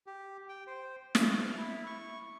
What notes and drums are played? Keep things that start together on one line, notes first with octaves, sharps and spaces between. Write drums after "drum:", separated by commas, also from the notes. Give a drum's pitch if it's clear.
G4
G5
C5
F5, drum: snare
F6
E4
C#6